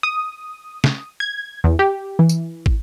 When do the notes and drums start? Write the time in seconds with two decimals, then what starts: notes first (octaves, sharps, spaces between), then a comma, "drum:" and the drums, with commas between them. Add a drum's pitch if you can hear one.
0.03 D#6
0.84 drum: snare
1.20 G#6
1.64 E2
1.79 G4
2.19 E3
2.29 drum: tambourine
2.66 drum: kick